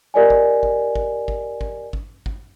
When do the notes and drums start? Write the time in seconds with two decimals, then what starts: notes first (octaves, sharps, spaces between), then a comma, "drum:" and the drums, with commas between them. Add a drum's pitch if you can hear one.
0.14 G4 A#4 D5 D#5 G#5
0.30 drum: kick G#1
0.63 drum: kick G#1
0.95 drum: kick G#1
1.28 drum: kick G#1
1.61 drum: kick G#1
1.93 drum: kick G#1
2.26 drum: kick G#1